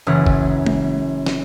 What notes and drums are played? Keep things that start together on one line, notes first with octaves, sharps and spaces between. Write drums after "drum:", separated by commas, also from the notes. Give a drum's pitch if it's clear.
F#1 E3 C#4 D#6 F#6
drum: kick
drum: tom G#3
drum: snare